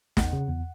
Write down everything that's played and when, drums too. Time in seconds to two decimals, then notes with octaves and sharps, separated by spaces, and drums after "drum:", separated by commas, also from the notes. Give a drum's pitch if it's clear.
0.17 E2 F#5, drum: snare
0.33 C#3
0.49 E2